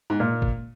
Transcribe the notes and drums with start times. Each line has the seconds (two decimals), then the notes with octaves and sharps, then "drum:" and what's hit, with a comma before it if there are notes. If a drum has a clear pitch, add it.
0.10 G#2
0.20 A#2
0.42 drum: kick